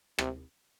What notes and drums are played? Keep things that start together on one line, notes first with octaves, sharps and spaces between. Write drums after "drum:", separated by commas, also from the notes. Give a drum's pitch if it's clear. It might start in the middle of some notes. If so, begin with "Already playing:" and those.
C3, drum: rim click